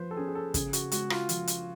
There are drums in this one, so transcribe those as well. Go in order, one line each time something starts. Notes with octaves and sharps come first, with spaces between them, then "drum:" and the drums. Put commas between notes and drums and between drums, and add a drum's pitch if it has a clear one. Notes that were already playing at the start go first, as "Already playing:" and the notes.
Already playing: F3 B4 C5
A4
C#4 G#4
G#4
A4
C#3 G#4, drum: kick, hi-hat
F#4, drum: hi-hat
G#3 F#4, drum: hi-hat
F4, drum: rim click
F3, drum: hi-hat
drum: hi-hat